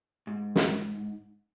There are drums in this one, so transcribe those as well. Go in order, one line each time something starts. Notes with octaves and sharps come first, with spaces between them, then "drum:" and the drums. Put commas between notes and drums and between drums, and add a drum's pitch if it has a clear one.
G#2
drum: snare